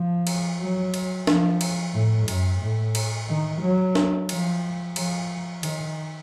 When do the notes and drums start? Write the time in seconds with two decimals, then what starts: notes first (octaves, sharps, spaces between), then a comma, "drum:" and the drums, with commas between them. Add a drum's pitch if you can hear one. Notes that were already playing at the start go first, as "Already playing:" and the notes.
Already playing: F3
0.27 drum: cymbal
0.61 F#3
0.94 drum: cymbal
1.27 F3, drum: snare
1.61 drum: cymbal
1.94 A2
2.28 F#2, drum: cymbal
2.61 A2
2.95 drum: cymbal
3.28 D#3
3.62 F#3
3.95 drum: snare
4.29 F3, drum: cymbal
4.96 F3, drum: cymbal
5.63 D#3, drum: cymbal